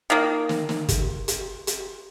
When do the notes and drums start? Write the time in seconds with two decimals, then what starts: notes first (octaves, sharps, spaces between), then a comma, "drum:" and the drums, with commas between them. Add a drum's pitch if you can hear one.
0.10 D#3 A#3
0.49 drum: snare
0.69 drum: snare
0.89 drum: kick, hi-hat
1.28 drum: hi-hat
1.67 drum: hi-hat